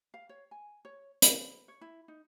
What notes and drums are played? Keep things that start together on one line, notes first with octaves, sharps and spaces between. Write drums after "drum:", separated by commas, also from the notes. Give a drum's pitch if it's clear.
F5
C#5
G#5
C#5
B5, drum: hi-hat
C#5
E4
D#4